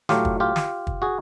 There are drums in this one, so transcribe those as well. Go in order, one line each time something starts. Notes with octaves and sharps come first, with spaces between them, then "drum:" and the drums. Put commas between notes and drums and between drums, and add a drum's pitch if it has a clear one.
A2 F#3 A3 F4 G4, drum: snare
drum: kick
F4 G4
drum: snare
drum: kick
F#4 G#4